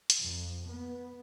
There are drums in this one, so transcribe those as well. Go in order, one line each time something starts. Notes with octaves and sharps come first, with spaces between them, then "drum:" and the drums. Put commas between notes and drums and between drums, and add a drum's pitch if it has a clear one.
drum: hi-hat
F2
B3